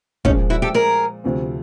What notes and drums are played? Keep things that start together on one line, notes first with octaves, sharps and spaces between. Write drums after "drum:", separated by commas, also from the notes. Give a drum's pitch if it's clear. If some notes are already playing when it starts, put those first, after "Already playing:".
A#2 F3 G#3 C#4 D#4, drum: kick
E4 F#4
G4 A4
G#4 A#4
D2 C3 F3 A3 C4